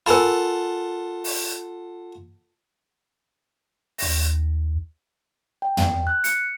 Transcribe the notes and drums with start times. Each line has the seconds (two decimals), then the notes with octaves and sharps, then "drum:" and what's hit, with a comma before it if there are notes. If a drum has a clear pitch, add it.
0.06 F4 A4 A#4 F#5 G#5 B5
1.24 drum: open hi-hat
3.98 D#2 A#6, drum: open hi-hat
5.62 G5
5.77 drum: tom
6.07 F#6
6.24 C#7, drum: hi-hat